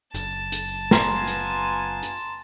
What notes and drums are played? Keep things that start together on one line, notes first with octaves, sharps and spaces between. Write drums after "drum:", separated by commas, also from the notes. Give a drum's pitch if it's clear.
F#1 A5, drum: hi-hat
drum: hi-hat
B3 F4 G#5 A#5 C6, drum: snare
drum: hi-hat
drum: hi-hat